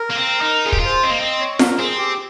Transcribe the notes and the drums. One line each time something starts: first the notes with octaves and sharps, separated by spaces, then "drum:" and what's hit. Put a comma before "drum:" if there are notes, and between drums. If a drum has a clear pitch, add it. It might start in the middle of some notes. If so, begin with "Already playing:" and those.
Already playing: A#4
A#3
C4
D#4
F4 G#4
G4, drum: kick
F4
C5
C4 D#5
A#3
C4 D#5
C#5
A#4, drum: snare F4
C4 G#4
G4